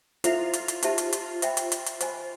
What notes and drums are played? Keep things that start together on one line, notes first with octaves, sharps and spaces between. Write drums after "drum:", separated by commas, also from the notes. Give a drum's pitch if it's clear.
E4 F4 A4 C5 E5, drum: hi-hat
drum: hi-hat
drum: hi-hat
D#4 G4 C5 E5 A5, drum: hi-hat
drum: hi-hat
drum: hi-hat
C5 E5 G5 B5, drum: hi-hat
drum: hi-hat
drum: hi-hat
drum: hi-hat
C5 D#5 G#5 B5, drum: hi-hat